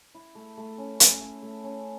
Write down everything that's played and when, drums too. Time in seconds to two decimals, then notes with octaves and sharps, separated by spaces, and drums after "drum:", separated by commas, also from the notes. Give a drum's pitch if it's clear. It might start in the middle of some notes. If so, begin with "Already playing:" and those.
0.15 E4
0.35 A3
0.58 A3
0.78 C#4
1.00 E4, drum: hi-hat
1.21 A3
1.43 A3
1.64 C#4